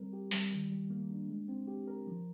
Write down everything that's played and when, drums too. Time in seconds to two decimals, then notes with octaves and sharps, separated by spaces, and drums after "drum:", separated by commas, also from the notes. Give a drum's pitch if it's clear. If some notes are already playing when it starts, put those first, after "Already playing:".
Already playing: G3 C4 A#4
0.13 G4
0.31 G3, drum: open hi-hat
0.51 D#3
0.71 G3
0.90 A#3
1.10 D4
1.29 G#3
1.48 C4
1.68 G4
1.87 A#4
2.07 F3